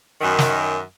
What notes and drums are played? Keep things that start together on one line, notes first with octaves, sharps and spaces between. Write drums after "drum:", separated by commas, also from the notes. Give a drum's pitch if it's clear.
F#2 D#3
drum: snare